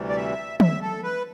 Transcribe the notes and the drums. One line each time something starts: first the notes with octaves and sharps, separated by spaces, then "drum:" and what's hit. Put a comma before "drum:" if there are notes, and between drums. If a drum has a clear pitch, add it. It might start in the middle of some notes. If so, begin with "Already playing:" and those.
Already playing: D2 C3 E3 G3
D5
E5
E5, drum: tom
A4
B4